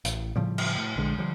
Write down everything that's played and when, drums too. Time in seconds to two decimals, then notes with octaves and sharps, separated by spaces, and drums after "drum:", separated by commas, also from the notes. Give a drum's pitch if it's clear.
0.05 A1, drum: hi-hat
0.36 A2 C#3 F3 G3
0.58 drum: cymbal
0.77 A2
0.96 A#1 D3 G#3
1.18 D3 F3 G3